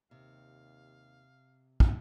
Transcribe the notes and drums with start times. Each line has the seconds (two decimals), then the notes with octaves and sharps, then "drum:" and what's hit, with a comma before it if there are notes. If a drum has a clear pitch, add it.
0.11 D#2 C3 F5
1.80 drum: kick